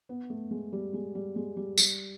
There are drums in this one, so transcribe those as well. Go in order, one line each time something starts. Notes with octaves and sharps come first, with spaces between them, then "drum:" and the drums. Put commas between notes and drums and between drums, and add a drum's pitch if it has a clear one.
B3
A3
G#3
G3
G#3
G3
G#3
G3
G3, drum: tambourine